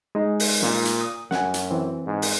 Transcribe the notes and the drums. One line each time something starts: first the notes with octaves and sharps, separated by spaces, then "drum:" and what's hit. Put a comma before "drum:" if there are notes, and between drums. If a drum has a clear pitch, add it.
G#3 D#4
drum: open hi-hat
A#2, drum: snare
drum: hi-hat
D#6
F#2 F#5 G#5, drum: snare
drum: hi-hat
E3 C4
G#2
drum: open hi-hat